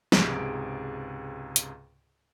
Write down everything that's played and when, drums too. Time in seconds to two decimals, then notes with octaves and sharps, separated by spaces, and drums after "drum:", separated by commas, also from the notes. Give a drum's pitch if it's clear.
0.12 C#2 G#2 C3 G#4 D7, drum: snare
1.56 drum: hi-hat